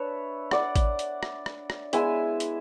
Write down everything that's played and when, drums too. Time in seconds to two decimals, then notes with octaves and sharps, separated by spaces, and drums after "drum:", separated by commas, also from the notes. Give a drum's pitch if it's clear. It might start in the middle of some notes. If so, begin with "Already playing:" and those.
Already playing: D4 B4 C#5 E5
0.51 D5 F#5, drum: rim click
0.76 drum: kick A1, hi-hat
0.99 drum: hi-hat
1.23 drum: rim click
1.46 drum: rim click
1.70 drum: rim click
1.93 G#3 B3 E4 E5 G#5, drum: hi-hat
2.40 drum: hi-hat